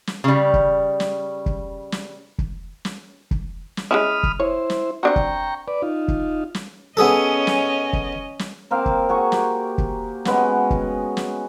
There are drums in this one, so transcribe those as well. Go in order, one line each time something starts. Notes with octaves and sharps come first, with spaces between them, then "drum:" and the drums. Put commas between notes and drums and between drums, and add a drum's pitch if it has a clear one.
drum: snare
C#3 G3
drum: kick
drum: snare
drum: kick
drum: snare
drum: kick
drum: snare
drum: kick
drum: snare
G#3 C#4 E4 B5 D#6 F6
drum: kick
E4 C5 C#5
drum: snare
C4 D4 F#4 G5 A#5 C#6
drum: kick
B4 D5
D#4 F4
drum: kick
drum: snare
B3 C#4 G#4 A4 D#5
drum: snare
drum: kick
drum: snare
A#3 C4 A#4 F5
drum: kick
F#4 G#4 A#5 C#6
G4, drum: snare
drum: kick
G#3 B3 C#4 F#4, drum: snare
drum: kick
drum: snare